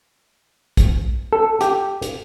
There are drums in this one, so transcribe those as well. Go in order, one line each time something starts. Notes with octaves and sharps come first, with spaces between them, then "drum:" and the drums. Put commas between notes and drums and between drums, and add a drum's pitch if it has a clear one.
drum: kick A#1, hi-hat
A4
G4 G5, drum: hi-hat
drum: hi-hat